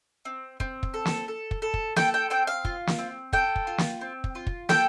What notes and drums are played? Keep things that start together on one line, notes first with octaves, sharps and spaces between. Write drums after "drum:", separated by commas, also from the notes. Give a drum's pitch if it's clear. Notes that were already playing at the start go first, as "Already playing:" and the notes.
C4
C4, drum: kick
drum: kick
A4
drum: snare
A4
drum: kick
A4
drum: kick
A4 G5, drum: snare
G5
C4 G5
F5
F4, drum: kick
drum: snare
C4
A4 G5, drum: kick
drum: kick
F4
drum: snare
C4
drum: kick
F4
drum: kick
A4 G5, drum: snare